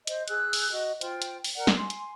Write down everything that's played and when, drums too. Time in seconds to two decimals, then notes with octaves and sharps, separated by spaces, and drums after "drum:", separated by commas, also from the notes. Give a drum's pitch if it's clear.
0.07 C5 D#5, drum: hi-hat
0.28 G#4 E6 F#6, drum: hi-hat
0.53 drum: open hi-hat
0.71 F#4 D#5
1.01 F4 C5 G5, drum: hi-hat
1.22 drum: hi-hat
1.44 drum: open hi-hat
1.55 A#4 D5 F#5
1.67 drum: snare
1.77 G#5 C6
1.90 drum: hi-hat